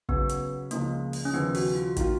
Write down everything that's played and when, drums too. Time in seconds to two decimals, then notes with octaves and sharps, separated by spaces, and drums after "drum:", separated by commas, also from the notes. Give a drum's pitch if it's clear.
0.09 C#3 F#3 B3 C#4, drum: kick
0.29 drum: hi-hat
0.71 C#2 C#3 F3 G#3 A#3 D#4, drum: hi-hat
1.13 drum: open hi-hat
1.25 C#4
1.33 D#2 C#3 F3 B3
1.55 F#4, drum: open hi-hat
1.75 F4
1.97 D#3 A#3 F4 F#4, drum: kick, hi-hat